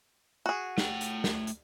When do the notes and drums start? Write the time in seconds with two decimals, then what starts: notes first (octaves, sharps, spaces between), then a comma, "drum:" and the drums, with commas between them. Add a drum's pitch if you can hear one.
0.46 F#4 G#4
0.78 A3 G5, drum: snare
1.01 drum: hi-hat
1.24 drum: snare
1.47 drum: hi-hat